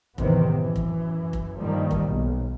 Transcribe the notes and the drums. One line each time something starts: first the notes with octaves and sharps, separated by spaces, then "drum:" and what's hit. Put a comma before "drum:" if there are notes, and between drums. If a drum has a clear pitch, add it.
A1 E2 C3 D#3 B3 C4, drum: kick F1
F#2 E3
drum: kick F1
drum: kick F1
G2 D#3 F3 G3 A#3
drum: kick F1
B1